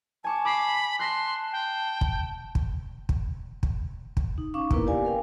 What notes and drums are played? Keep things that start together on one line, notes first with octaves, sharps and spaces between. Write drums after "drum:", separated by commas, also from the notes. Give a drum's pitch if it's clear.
G#5 A5 C#6 D6
B5 D6 C7
A5 C6 F#6 A#6 B6
G5
drum: kick
drum: kick
drum: kick
drum: kick
drum: kick
D#4
C#4 D#4 F5 C#6 D6
A#3 B3 E4 A#4 B4, drum: kick
G4 D5 F5 G#5
A#4 F5 G5